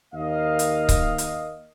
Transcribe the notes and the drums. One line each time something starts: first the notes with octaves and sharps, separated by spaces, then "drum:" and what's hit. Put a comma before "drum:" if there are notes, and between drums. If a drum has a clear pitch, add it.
D#2 A#3 D#5 F5
drum: hi-hat
drum: kick C#1, hi-hat
drum: hi-hat